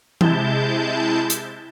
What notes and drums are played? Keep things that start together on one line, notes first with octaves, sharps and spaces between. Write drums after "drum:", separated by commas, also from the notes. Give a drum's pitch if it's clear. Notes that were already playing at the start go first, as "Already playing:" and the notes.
C3 G#3 E4 A5 G6, drum: tom E3
drum: hi-hat